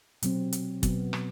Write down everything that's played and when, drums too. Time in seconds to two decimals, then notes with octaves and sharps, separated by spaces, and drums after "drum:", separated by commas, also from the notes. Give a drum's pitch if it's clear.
0.23 B2 F#3 C4, drum: hi-hat
0.53 drum: hi-hat
0.83 B2 F#3 B3, drum: kick, hi-hat
1.13 drum: rim click